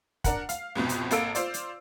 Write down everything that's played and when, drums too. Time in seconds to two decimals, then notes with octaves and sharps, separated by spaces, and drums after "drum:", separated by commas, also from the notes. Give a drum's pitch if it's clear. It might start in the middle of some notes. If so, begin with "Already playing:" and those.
0.24 D4 A#4 F#5, drum: kick, hi-hat
0.49 F5, drum: hi-hat
0.75 C2 F2 G#2 B2
0.89 drum: hi-hat
1.11 G#1 A#3 A4 E6 D7, drum: hi-hat
1.35 F4 C5 D5, drum: hi-hat
1.54 drum: hi-hat